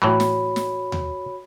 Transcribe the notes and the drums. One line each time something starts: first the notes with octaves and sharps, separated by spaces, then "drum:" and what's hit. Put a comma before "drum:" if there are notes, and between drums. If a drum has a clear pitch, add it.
A2 E3 F#3 F#4 C#5 B5
drum: snare
drum: snare
drum: tom D#2